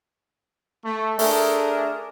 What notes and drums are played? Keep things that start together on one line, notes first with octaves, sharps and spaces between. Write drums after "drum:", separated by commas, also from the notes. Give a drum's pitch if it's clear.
A3
A3 D4 G#4 A#4, drum: open hi-hat